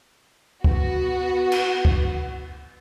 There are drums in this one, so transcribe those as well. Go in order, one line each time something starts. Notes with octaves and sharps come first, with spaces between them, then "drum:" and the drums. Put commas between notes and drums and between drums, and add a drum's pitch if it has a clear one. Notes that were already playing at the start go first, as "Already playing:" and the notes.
B3 F#4, drum: kick
drum: cymbal
drum: kick